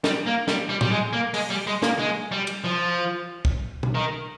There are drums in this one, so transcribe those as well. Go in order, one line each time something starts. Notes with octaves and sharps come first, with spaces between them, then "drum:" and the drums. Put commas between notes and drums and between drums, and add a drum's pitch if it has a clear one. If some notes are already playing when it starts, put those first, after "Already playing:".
G3, drum: snare
A#3
G3, drum: snare
G3
G3, drum: tom
G#3
A#3
G#3, drum: open hi-hat
G3
G#3
A#3, drum: snare
G#3
G3
drum: cymbal
F3
drum: kick
drum: tom B2
D#3